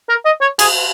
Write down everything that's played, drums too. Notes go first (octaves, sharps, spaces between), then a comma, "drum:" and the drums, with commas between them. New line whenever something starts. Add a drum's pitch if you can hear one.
A#4
D#5
C#5
G#4, drum: cymbal